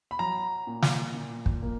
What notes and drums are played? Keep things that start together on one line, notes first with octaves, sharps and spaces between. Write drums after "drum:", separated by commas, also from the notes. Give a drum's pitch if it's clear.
B5
F#3 A#5
A#2
drum: snare
A#2
drum: kick
A#3